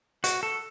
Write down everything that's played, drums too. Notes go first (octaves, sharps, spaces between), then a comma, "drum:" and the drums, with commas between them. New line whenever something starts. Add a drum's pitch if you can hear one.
F#4, drum: hi-hat
A4